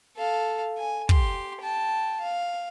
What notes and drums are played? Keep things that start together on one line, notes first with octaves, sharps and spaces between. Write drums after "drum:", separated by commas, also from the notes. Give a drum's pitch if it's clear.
A4 F5
G#5
G4 C6, drum: kick
G5 A5
F5